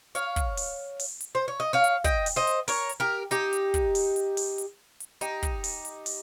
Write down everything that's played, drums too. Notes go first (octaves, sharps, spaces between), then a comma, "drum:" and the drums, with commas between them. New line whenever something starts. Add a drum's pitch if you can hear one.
C#5 F5, drum: hi-hat
drum: kick, hi-hat
drum: open hi-hat
drum: open hi-hat
drum: hi-hat
C5
C#5
D#5
C#5 F5
drum: hi-hat
D#5 G5, drum: kick, hi-hat
drum: open hi-hat
C5 D#5
drum: hi-hat
A#4 C#5, drum: open hi-hat
drum: hi-hat
G4 A#4
D#4 G4, drum: hi-hat
drum: hi-hat
drum: kick, hi-hat
drum: open hi-hat
drum: hi-hat
drum: open hi-hat
drum: hi-hat
drum: hi-hat
D#4 G4, drum: hi-hat
drum: kick, hi-hat
drum: open hi-hat
drum: hi-hat
drum: open hi-hat